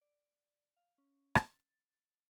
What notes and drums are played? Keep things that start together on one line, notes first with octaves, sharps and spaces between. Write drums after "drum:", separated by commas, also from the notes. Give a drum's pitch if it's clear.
D5
F5
C#4
drum: rim click
A6